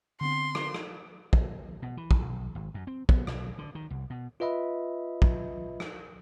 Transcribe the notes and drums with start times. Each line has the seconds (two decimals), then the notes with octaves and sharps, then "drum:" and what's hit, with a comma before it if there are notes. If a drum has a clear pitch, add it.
0.21 D3 B3 C4 C6
0.55 drum: rim click
0.74 drum: rim click
1.33 drum: kick
1.82 B2
1.97 E3
2.11 drum: kick
2.22 B1
2.55 G#1
2.74 F#2
2.87 C4
3.09 B3, drum: kick
3.27 B1, drum: rim click
3.58 D3
3.75 D#3
3.90 C2
4.10 B2
4.40 F4 B4 D#5 E5 B5
5.22 drum: kick
5.80 drum: rim click